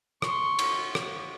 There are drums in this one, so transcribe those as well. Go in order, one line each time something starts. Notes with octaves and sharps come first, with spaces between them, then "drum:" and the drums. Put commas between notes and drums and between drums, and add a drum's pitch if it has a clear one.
C6 C#6, drum: rim click
drum: cymbal
drum: rim click